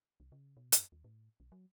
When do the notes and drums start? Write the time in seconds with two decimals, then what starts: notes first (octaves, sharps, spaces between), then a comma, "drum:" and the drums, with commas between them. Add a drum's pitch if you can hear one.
0.20 C2
0.32 C#3
0.57 B2
0.72 F#2, drum: hi-hat
0.92 D#2
1.04 A2
1.40 B1
1.52 F#3